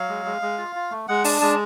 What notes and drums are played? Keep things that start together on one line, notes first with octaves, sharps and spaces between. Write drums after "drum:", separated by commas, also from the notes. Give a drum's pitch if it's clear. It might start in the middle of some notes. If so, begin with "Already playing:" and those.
Already playing: F#3 F5
G#3
G#3
G#3
F4
F4
A3
G#3 F#5
D4 A5, drum: open hi-hat
G#3 A5